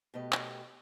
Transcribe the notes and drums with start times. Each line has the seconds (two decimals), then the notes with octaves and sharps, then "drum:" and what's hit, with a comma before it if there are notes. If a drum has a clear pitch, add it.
0.14 B2 A3 G4 B4 D#5
0.32 drum: clap